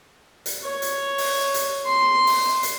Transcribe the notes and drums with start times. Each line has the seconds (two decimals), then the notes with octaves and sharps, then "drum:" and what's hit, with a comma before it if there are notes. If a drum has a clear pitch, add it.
0.46 drum: hi-hat
0.64 C#5
0.82 drum: hi-hat
1.18 drum: open hi-hat
1.54 drum: hi-hat
1.86 C6
2.27 drum: open hi-hat
2.63 drum: hi-hat